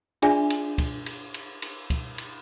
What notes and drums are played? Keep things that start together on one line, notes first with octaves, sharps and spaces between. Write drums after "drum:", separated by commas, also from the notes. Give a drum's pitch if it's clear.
D4 F4 G#4 D5 E5 G#5, drum: cymbal
drum: cymbal
drum: kick, cymbal
drum: cymbal
drum: cymbal
drum: cymbal
drum: kick, cymbal
drum: cymbal